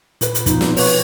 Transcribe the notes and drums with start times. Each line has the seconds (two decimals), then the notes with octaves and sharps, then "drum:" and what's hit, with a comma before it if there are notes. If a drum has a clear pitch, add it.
0.21 A#2 B4, drum: hi-hat
0.35 drum: hi-hat
0.46 B2 F3 D#4 F4, drum: kick, hi-hat
0.61 C4, drum: snare
0.77 B4 C#5, drum: open hi-hat